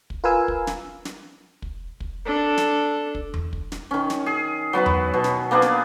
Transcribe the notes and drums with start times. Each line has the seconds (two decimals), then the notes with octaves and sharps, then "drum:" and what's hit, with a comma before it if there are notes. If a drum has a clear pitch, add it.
0.10 drum: kick
0.24 F4 A#4 B4 F5 G#5 E6
0.48 drum: kick
0.67 drum: snare
1.05 drum: snare
1.62 drum: kick
2.00 drum: kick
2.25 D4 A4
2.58 drum: snare
3.15 drum: kick
3.34 drum: tom E2
3.53 drum: kick
3.72 drum: snare
3.91 D#3 C#4
4.10 drum: snare
4.26 G#4
4.73 F#3 B3 F#4 B4
4.86 drum: tom E2
5.14 B2
5.24 drum: snare
5.51 A#3 B3 D4 G#4
5.62 drum: snare